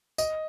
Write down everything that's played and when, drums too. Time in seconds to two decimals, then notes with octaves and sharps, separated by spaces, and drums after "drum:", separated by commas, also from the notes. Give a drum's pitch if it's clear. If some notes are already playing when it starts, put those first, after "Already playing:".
0.18 D#5, drum: tambourine